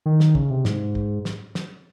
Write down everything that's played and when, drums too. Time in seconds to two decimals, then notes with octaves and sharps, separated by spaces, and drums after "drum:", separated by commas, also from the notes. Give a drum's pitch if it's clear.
0.06 D#3
0.20 drum: snare
0.35 C#3, drum: kick
0.50 C3
0.65 G#2, drum: snare
0.95 drum: kick
1.25 drum: snare
1.55 drum: snare